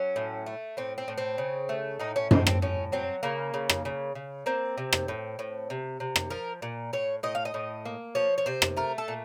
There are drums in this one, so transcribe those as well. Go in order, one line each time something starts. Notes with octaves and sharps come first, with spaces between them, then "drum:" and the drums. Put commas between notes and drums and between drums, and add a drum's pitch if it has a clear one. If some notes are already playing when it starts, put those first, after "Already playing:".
Already playing: F#3 C#4
A2
A3
A2 C4
C4
A2
C4
C#3
A3
A2 D#4
C#4
A2 C4, drum: tom F#2
C4, drum: rim click
A2 C#4
F#3 C4
C#3 A#3
C#3
drum: rim click
C#3
C#3
A#3 C4
C3
drum: rim click
A2
A2
C3
C3
drum: rim click
F3 A#4
A#2
A2 C#5
A2 D#5
F5
D#5
A2
A#3
F3 C#5
C#5
C3 C5
drum: rim click
A3 A#4
A4
A#2